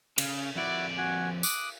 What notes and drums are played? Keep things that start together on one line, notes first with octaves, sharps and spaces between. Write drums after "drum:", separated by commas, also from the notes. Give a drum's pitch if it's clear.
C#3, drum: cymbal
F2 E4 F#4 D5
F#4 G#5
D6 D#6 F#6, drum: tambourine